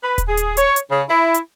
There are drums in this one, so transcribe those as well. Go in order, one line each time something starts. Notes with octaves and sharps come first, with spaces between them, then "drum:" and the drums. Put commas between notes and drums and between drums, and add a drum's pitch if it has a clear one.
B4
drum: kick D#1, hi-hat
G#4
drum: hi-hat
C#5, drum: hi-hat
drum: hi-hat
C#3
E4
drum: hi-hat